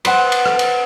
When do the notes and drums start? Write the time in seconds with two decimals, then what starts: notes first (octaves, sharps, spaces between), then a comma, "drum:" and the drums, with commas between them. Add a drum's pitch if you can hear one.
0.05 B4 C5 F#5, drum: cymbal
0.32 drum: cymbal
0.45 drum: rim click
0.59 drum: cymbal